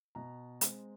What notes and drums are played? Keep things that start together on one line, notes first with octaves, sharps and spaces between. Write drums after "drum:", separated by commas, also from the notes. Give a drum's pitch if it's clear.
B2 A#5
G#3 C4, drum: hi-hat